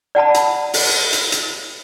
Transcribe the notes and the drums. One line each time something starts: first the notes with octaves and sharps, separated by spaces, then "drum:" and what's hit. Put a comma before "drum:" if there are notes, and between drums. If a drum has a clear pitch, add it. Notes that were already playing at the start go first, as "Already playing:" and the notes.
D5 F#5 A5 B5
drum: hi-hat
drum: open hi-hat
drum: hi-hat
drum: hi-hat